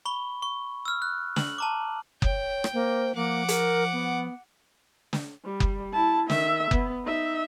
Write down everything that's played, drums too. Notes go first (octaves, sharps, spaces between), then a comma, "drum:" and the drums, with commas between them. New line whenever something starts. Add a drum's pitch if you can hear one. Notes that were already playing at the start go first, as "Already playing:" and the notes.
B5 C#6 G7
C#6
E6 F6
F#6
F#7, drum: snare
A5 A#5 D6
C#5 G5, drum: kick F#1
drum: rim click
A#3 C5
F3 A#3 F#5 D6
A#4, drum: hi-hat
B3
drum: snare
G3
drum: kick F#1
E4 A5
D#3 E5, drum: snare
B3, drum: kick F#1
D#4 E5